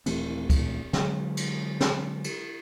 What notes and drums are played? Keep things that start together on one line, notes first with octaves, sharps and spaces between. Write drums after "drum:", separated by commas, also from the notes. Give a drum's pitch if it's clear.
D#1 E3 A3 C4, drum: cymbal
drum: kick, cymbal
D3 F#3 G#3, drum: snare
drum: cymbal
drum: snare
drum: cymbal